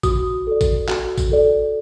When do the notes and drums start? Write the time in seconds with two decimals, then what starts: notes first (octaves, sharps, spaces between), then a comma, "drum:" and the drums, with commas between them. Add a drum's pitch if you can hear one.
0.03 F#4 D#6, drum: kick, tambourine
0.47 A4 D5
0.61 drum: kick, tambourine
0.89 F#4, drum: clap
1.18 drum: kick, tambourine
1.32 A4 D5